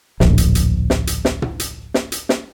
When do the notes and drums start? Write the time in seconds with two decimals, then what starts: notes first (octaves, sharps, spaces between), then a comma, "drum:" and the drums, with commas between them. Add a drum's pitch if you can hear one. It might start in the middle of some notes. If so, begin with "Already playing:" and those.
0.20 D1 A#1, drum: snare
0.38 drum: hi-hat
0.55 drum: hi-hat
0.90 drum: snare
1.07 drum: hi-hat
1.25 drum: snare
1.42 drum: tom
1.60 drum: hi-hat
1.94 drum: snare
2.12 drum: hi-hat
2.29 drum: snare